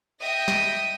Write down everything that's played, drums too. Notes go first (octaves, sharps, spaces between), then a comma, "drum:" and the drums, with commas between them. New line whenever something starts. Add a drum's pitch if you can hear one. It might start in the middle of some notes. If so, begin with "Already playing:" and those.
D#5 E5 G5 D#6 A#6
drum: snare